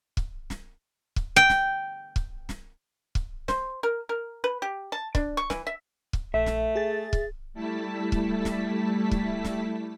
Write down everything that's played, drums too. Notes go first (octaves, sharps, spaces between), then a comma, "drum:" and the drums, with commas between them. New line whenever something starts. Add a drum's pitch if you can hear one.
drum: kick
drum: snare
drum: kick
G5
drum: snare
drum: kick
drum: snare
drum: kick
C5, drum: snare
A#4
A#4
B4
G4
A5
D4, drum: kick
C#6
E3, drum: snare
E5
drum: kick
A#1 A3 E5
drum: snare
G#4 A6
drum: kick
G3 A3 E4 A5 B6
drum: kick
drum: snare
drum: kick
drum: snare